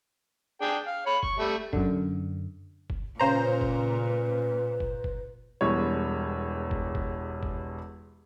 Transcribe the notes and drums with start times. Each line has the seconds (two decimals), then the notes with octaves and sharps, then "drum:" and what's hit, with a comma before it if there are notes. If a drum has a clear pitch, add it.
0.61 D4 G#4 G5
0.87 F5
1.06 C#5 B5
1.23 C#6, drum: kick F#1
1.40 G3 A3
1.73 F#2 D3, drum: kick F#1
2.90 drum: kick F#1
3.20 A#2 C#3 B4 C5 A#5
3.61 drum: kick F#1
4.80 drum: kick F#1
5.04 drum: kick F#1
5.61 E1 E2 G3 C#5
6.71 drum: kick F#1
6.95 drum: kick F#1
7.43 drum: kick F#1